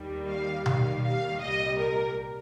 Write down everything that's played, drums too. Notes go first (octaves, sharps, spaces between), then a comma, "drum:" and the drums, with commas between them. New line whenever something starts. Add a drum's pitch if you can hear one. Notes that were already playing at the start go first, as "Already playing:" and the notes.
Already playing: D#2 D#3 G3
F5
D#2 D#3 G3 F5, drum: tom B2
F5
C2 A#2 G3 D#5
A#4